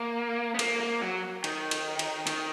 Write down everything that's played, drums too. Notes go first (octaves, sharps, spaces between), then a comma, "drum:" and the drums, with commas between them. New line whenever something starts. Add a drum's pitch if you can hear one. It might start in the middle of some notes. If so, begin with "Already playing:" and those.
Already playing: A#3
B3
A#3, drum: cymbal
A#3
F#3
D#3, drum: cymbal
drum: cymbal
drum: cymbal
D#3, drum: cymbal